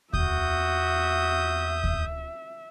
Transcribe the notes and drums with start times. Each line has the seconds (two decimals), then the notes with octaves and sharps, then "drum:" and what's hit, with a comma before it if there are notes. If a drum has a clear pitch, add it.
0.13 E2 F#4 E5 D#6 G6, drum: kick D2
1.84 drum: kick D2